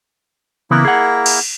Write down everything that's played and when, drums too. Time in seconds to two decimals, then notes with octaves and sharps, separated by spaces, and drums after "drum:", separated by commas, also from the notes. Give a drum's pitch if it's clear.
0.71 C#3 E3 A#3 B3 E4 A#4
0.85 G#4 F#5
1.26 drum: cymbal